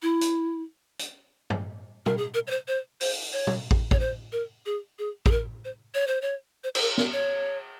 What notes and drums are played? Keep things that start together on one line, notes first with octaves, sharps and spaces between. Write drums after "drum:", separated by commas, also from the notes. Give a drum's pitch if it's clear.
E4
drum: hi-hat
drum: hi-hat
drum: tom G2
A#4, drum: tom
G#4
A#4
C#5
C5
C5
C5, drum: open hi-hat
C#5
drum: tom
drum: kick
C#5, drum: kick
C5
A#4
G#4
G#4
G#4, drum: kick
A#4
C5
C#5
C5
C#5
C5
C5, drum: cymbal
A#4
A#4, drum: snare
C#5